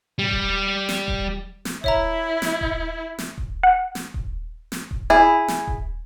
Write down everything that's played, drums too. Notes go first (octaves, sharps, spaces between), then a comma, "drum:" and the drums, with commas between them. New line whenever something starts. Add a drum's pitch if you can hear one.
G3
drum: kick D#1
drum: snare
drum: kick D#1
drum: snare
E4 C#5 E5 A#5, drum: kick D#1
drum: snare
drum: kick D#1
drum: snare
drum: kick D#1
F#5
drum: snare
drum: kick D#1
drum: snare
drum: kick D#1
E4 G#4
drum: snare
drum: kick D#1